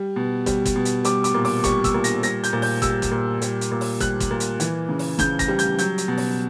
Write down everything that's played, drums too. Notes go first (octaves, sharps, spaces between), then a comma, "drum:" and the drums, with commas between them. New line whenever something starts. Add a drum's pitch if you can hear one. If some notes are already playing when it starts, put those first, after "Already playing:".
Already playing: G3
B2
G3, drum: kick, hi-hat
drum: kick, hi-hat
B2
drum: hi-hat
G3 D6, drum: hi-hat
D6, drum: hi-hat
A#2
D6, drum: open hi-hat
G3 C#6, drum: kick, hi-hat
E6, drum: kick, hi-hat
A#2
A#6, drum: hi-hat
G3 A#6, drum: hi-hat
G6, drum: hi-hat
A#2
G6, drum: open hi-hat
G3 E6, drum: kick, hi-hat
drum: kick, hi-hat
A#2
G3, drum: hi-hat
drum: hi-hat
A#2
drum: open hi-hat
G3 F#6, drum: kick, hi-hat
drum: kick, hi-hat
A#2
drum: hi-hat
E3, drum: hi-hat
C#3
drum: open hi-hat
C#3 G6, drum: kick, hi-hat
A#6, drum: kick, hi-hat
G3
G6, drum: hi-hat
F#3 G6, drum: hi-hat
drum: hi-hat
B2
drum: open hi-hat